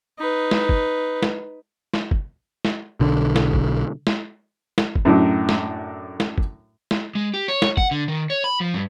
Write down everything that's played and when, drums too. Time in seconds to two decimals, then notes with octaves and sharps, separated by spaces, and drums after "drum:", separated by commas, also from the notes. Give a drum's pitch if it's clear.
0.19 D#4 B4
0.51 drum: snare
0.69 drum: kick
1.22 drum: snare
1.94 drum: snare
2.11 drum: kick
2.65 drum: snare
3.00 B1 D3
3.36 drum: snare
3.53 drum: kick
4.07 drum: snare
4.78 drum: snare
4.95 drum: kick
5.05 F#2 A2 F#3 D4
5.49 drum: snare
6.20 drum: snare
6.38 drum: kick
6.91 drum: snare
7.15 G#3
7.34 G4
7.48 C#5
7.62 drum: snare
7.77 F#5, drum: kick
7.91 D3
8.08 D#3
8.30 C#5
8.44 B5
8.61 F3
8.74 G2